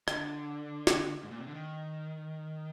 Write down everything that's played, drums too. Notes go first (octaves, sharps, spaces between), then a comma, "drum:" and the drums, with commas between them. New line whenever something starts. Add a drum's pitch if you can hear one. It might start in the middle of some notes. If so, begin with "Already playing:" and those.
D3, drum: rim click
drum: snare
G#2
A#2
C3
D3
D#3